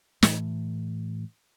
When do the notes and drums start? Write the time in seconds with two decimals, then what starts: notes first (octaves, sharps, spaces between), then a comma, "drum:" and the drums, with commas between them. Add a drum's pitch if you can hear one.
0.22 A2 E3 A3, drum: snare